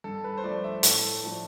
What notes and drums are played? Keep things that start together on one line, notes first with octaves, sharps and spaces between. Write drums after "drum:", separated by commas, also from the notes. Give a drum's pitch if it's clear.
G2 A4
B4
C5
F3 A3 D4 D5
E5
A2 A4, drum: hi-hat
F3 A3 D4